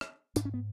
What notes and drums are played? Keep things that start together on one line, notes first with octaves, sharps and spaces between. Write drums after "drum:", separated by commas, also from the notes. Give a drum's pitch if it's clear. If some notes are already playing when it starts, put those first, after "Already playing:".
drum: rim click
G#2 D4, drum: hi-hat
C#4
B3